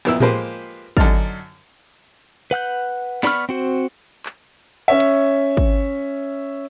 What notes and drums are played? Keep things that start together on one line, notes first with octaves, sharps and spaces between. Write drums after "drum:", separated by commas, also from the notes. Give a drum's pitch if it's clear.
F2 A#2 B3 E4 E6
F3 G#3 A#3 G4 B4 C5, drum: tom A2
F#2 D3 D#4 A5 F6, drum: kick
B4 F#5 F#6 G6, drum: hi-hat
B3 D5 B5 C#6 F6, drum: snare
C4 F#4 C5
drum: clap
C#4 C#5 E5
drum: cymbal
drum: kick